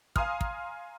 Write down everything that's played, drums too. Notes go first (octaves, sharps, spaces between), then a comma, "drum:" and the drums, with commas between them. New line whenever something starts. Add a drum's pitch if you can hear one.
F5 G#5 A#5 C6 D#6 F6, drum: kick
drum: kick